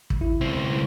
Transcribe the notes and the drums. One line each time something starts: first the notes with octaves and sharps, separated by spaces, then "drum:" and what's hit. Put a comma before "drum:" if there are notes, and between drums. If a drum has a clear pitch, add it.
drum: kick
E4
C#2 C4